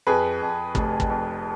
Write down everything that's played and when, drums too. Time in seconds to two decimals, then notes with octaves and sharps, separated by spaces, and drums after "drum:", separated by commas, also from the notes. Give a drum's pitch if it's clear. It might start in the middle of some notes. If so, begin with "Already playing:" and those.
0.07 F2 G#4 B4
0.42 F2
0.75 F1, drum: kick
1.00 drum: kick
1.10 F2